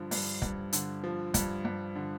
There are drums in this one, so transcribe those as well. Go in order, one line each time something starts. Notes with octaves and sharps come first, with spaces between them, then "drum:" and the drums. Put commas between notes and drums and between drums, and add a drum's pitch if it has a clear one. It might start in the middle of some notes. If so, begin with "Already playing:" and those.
Already playing: G2 D3 F3
G2, drum: open hi-hat
G2, drum: kick
D3, drum: hi-hat
F3
G2, drum: kick, hi-hat
G2
D3